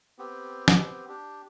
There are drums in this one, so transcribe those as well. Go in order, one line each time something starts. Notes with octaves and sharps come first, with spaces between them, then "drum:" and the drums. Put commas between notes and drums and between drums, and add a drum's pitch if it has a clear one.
B3 C4 G4
drum: snare
D4 G4